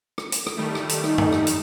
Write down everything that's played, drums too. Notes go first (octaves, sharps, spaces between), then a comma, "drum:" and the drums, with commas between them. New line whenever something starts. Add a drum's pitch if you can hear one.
drum: rim click
drum: hi-hat
drum: rim click
D#3 G3 A3
drum: rim click
drum: hi-hat
D#4, drum: rim click
drum: tom F#2
drum: rim click
drum: hi-hat